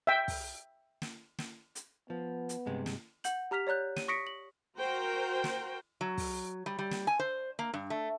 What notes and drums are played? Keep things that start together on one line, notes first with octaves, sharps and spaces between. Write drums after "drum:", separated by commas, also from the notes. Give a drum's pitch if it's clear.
E5 G5
drum: kick, open hi-hat
drum: snare
drum: snare
drum: hi-hat
F3 B3
drum: hi-hat
G2 C3 G#3
drum: snare
F#5 G6 F#7, drum: hi-hat
G4 A#5 F6 B6 F7
C#5 D5 A#5 F#6 G6
D#7, drum: snare
C#6 D#6 A#6 B6 C#7 D7
F#7
F#4 A#4 C5 G5
drum: snare
F#3
drum: kick, open hi-hat
G3
G3
drum: snare
G#5
C5
A#3
G2
A3